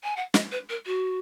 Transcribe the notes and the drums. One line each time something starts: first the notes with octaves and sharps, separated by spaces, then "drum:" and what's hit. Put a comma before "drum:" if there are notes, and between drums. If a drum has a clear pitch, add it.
G#5
F#5
D#5, drum: snare
B4
A#4
F#4